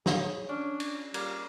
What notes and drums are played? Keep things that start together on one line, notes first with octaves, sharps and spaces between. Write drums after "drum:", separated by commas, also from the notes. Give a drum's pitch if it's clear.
G#4 C#5 G#5, drum: snare
C#4 D4
drum: cymbal
G3 A#3, drum: cymbal